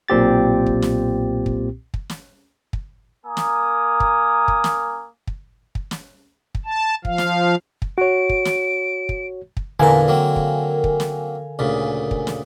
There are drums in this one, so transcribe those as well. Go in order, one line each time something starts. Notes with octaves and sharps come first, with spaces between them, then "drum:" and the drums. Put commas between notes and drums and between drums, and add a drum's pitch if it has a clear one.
B1 A#2 C4 G4 A6
drum: kick
drum: snare
drum: kick
drum: kick
drum: snare
drum: kick
A#3 A#4 G#5 D#6
drum: snare
drum: kick
drum: kick
drum: snare
drum: kick
drum: kick
drum: snare
drum: kick
A5
F3 F5, drum: kick
drum: snare
drum: kick
F#4 C#5 D7
drum: kick
drum: snare
drum: kick
drum: kick
E2 A#2 D3 E3 A#4 F5 G#5
F#3 A#3 C4
drum: kick
drum: kick
drum: snare
D2 A#2 C#3
drum: kick
drum: snare